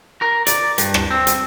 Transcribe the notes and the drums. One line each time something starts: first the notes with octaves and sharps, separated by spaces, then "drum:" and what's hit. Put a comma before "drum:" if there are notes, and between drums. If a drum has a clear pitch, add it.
A#4
D5, drum: hi-hat
G2, drum: hi-hat
drum: rim click
C4
drum: hi-hat